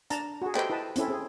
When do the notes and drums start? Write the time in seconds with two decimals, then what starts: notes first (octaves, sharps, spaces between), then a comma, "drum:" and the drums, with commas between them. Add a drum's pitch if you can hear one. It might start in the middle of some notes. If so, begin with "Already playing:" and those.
0.10 D4 A5 A#5, drum: hi-hat
0.42 F#4 G#4
0.55 G4 A4 B4 C5 D#5 G5, drum: clap
0.70 E4 B4 D#5 A5
0.96 C4 C#4 E4 A4, drum: hi-hat
1.08 C4 G#4